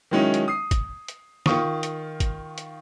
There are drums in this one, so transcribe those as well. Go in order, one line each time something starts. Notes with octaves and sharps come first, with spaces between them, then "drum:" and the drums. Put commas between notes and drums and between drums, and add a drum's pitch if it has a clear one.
D#3 F#3 G#3 C#4 D#4 E4
drum: hi-hat
D#6 C7
drum: kick, hi-hat
drum: hi-hat
D#3 F4 C#6 D#6, drum: snare
drum: hi-hat
drum: kick, hi-hat
drum: hi-hat